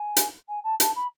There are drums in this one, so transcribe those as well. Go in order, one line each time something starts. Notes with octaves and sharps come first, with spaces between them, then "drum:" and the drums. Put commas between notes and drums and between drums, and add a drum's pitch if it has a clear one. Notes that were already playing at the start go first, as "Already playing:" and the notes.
Already playing: G#5
drum: hi-hat
G#5
A5
A5, drum: hi-hat
B5